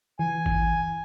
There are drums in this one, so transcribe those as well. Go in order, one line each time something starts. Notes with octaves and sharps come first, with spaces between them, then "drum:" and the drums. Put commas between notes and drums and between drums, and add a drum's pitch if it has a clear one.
E3 G#5
drum: kick G#1